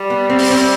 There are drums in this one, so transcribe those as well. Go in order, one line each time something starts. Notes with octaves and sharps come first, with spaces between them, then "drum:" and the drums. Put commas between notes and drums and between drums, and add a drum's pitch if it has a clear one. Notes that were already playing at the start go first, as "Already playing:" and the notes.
Already playing: G3
B3
C4
drum: open hi-hat
C4